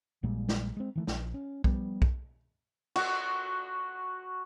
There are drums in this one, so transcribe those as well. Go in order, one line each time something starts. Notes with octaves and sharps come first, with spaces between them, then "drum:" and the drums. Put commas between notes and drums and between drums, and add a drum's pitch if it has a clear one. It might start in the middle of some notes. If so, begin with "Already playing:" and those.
A#1 A#2 G3 G#3
drum: snare
G#3 C4
D#3 E3 A3
A#1, drum: snare
C#4
F3 G3 B3, drum: kick
drum: kick
F#4, drum: cymbal